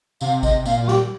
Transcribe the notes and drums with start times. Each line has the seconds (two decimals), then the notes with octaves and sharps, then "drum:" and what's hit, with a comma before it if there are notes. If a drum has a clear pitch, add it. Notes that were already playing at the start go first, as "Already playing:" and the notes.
0.21 C3 F5, drum: tambourine
0.43 D#5, drum: kick G#1, tambourine
0.59 C3
0.65 A#2 F5, drum: tambourine
0.81 F4
0.88 G4, drum: snare